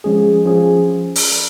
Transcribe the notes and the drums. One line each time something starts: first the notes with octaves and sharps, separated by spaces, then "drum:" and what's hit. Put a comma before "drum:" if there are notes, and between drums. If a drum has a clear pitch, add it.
F3 G#3 C#4 G#4
F3 C#4 G#4
drum: open hi-hat